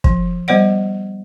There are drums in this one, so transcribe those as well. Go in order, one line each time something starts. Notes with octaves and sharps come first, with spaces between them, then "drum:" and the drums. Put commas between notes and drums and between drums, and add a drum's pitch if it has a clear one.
F3, drum: kick
G3 B3 C5 D5 F#5